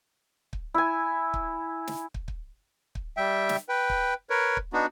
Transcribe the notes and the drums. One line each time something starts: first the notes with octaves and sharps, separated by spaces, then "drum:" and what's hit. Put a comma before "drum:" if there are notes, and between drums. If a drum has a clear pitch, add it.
drum: kick
E4 G#5
drum: kick
drum: snare
drum: kick
drum: kick
drum: kick
G3 E5 G5
drum: snare
B4 G5
drum: kick
A#4 B4 C#5
drum: kick
B3 D4 D#4 F#4